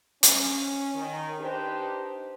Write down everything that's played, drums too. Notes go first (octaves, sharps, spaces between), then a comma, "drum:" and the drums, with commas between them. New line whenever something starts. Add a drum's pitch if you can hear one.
C#4, drum: hi-hat
D#3
D4 D#4 G4 B4 C5